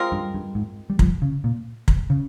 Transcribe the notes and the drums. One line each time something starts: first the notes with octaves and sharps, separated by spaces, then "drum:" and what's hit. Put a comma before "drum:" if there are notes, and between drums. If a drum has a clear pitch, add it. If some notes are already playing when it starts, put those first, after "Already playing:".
Already playing: G#3 C4 F4 A#4
G2
G2
G#2
G3
F3, drum: kick
C#3
A#2
drum: kick
C#3